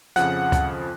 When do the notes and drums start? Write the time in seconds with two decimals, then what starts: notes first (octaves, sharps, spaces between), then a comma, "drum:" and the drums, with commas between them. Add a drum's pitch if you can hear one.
0.16 F2 C#3 F3 F#5 F#6, drum: hi-hat
0.52 drum: kick, hi-hat